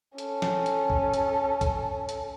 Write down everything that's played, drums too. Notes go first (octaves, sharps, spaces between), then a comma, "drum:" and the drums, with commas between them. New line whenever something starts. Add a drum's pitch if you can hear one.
C#4 A4, drum: hi-hat
drum: snare
drum: hi-hat
drum: kick C2
drum: hi-hat
drum: kick C2, hi-hat
drum: hi-hat